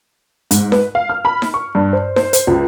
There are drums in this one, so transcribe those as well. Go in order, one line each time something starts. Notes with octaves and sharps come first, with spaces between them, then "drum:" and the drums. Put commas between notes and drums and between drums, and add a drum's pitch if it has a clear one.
G#2, drum: hi-hat
B4, drum: snare D#4
F5
F6
B5
drum: snare D#4
C#6
G2
C5
C5, drum: snare D#4
C5, drum: hi-hat
C#2